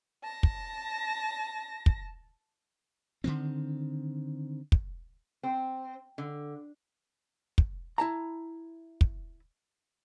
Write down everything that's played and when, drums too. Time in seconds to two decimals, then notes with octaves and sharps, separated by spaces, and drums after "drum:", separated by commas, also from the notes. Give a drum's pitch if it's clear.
0.24 A5 A#6
0.43 drum: kick
1.86 drum: kick
3.24 D3 D#3 C4
4.72 drum: kick
5.43 C4
6.18 D3
7.58 drum: kick
7.98 E4 A5 A#5
9.01 drum: kick